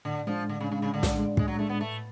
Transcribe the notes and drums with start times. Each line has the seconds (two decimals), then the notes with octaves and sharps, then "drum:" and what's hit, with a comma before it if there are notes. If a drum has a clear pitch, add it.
0.05 A2 D3
0.27 F3 G#3 D4
0.49 A2 D3
0.61 C#3
0.71 C#3 G#3 D4
0.82 C#3
0.94 A2 D3
1.03 drum: snare
1.15 G#3 D4
1.37 A2 G#3, drum: kick
1.48 F#3
1.59 G#3 A3 D4
1.69 B3
1.81 A2 A3